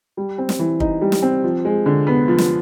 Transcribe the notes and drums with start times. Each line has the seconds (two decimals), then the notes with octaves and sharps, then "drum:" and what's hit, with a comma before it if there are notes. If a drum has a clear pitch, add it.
0.17 G3
0.38 C4
0.49 drum: snare
0.59 E3
0.80 D#4, drum: kick
1.01 G3
1.12 drum: snare
1.22 C4
1.44 F3
1.65 G#3
1.86 D3
2.07 B3
2.28 F3
2.38 drum: snare